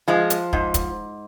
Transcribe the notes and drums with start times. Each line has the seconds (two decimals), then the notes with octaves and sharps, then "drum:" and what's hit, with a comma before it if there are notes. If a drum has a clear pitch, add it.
0.08 F3 G#3
0.30 drum: hi-hat
0.53 G#2, drum: kick
0.74 drum: kick, hi-hat